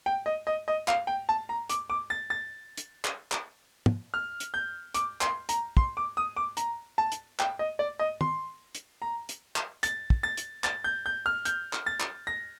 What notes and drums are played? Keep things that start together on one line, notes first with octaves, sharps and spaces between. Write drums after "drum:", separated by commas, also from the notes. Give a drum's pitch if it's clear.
G5
D#5
D#5
D#5
F5, drum: clap
G5
A5
A#5
D6, drum: hi-hat
D6
A6
A6
drum: hi-hat
drum: clap
drum: clap
drum: tom
F6
drum: hi-hat
G6
D6, drum: hi-hat
C6, drum: clap
A#5, drum: hi-hat
C6, drum: kick
D6
D#6
D6
A#5, drum: hi-hat
A5
drum: hi-hat
G5, drum: clap
D#5
D5
D#5
C6, drum: tom
drum: hi-hat
A#5
drum: hi-hat
drum: clap
A6, drum: hi-hat
drum: kick
A6
drum: hi-hat
A6, drum: clap
G6
G6
F6
G6, drum: hi-hat
drum: clap
A6
drum: clap
A#6